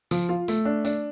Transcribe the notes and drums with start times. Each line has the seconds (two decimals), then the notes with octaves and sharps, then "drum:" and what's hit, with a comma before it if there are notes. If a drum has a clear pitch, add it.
0.11 F3, drum: tambourine
0.29 F4
0.48 A3, drum: tambourine
0.65 D4
0.85 D4, drum: tambourine